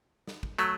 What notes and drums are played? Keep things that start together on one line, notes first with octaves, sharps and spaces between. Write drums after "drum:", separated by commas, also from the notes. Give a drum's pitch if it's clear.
drum: snare
drum: kick
F#3 A3, drum: hi-hat